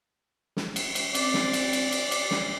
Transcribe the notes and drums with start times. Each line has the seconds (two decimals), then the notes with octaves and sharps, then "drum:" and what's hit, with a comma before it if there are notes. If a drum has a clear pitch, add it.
0.57 drum: snare
0.76 drum: cymbal
0.95 drum: cymbal
1.15 C4 D5, drum: cymbal
1.34 drum: snare
1.53 drum: cymbal
1.73 drum: cymbal
1.92 drum: cymbal
2.11 drum: cymbal
2.31 drum: snare